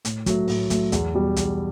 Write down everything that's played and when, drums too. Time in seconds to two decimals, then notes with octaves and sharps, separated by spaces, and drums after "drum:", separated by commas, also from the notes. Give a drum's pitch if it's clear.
0.05 A2, drum: hi-hat
0.26 F#3 A3, drum: kick, hi-hat
0.48 A2, drum: open hi-hat
0.70 F#3 A3, drum: kick, hi-hat
0.92 E2, drum: hi-hat
1.15 B2 G3
1.36 E2, drum: hi-hat